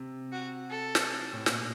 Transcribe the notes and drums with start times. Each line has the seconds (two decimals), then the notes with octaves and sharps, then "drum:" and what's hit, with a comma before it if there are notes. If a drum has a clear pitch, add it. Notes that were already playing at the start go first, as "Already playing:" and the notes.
Already playing: C3
0.32 F#4
0.70 A4
0.95 drum: snare
1.33 A2
1.46 A#2, drum: snare